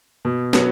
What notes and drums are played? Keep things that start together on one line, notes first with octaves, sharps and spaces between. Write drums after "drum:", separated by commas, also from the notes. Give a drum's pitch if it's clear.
B2
F#3 B3, drum: snare